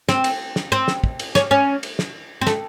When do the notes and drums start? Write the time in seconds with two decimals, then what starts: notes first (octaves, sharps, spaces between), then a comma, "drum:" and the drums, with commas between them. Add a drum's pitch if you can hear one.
0.09 C4, drum: snare
0.24 drum: cymbal
0.56 drum: snare
0.72 C4
0.88 drum: snare
1.04 drum: kick
1.19 drum: cymbal
1.35 C#4, drum: snare
1.51 C#4
1.83 drum: cymbal
1.99 drum: snare
2.41 C4
2.47 A3, drum: snare